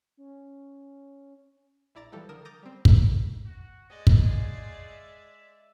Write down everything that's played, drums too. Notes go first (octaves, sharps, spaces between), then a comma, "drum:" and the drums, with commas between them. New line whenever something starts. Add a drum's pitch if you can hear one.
C#4
A#1 E4 D5 A#5 A6
E3 F3 G3 A4
D3 A#4 D#6 E7
A#5 D6 D#6 G6 A6 A#6
G3 C4
drum: kick
F#4
G#3 F#4 D5 D#5
drum: kick
A3 F4 G#4
E5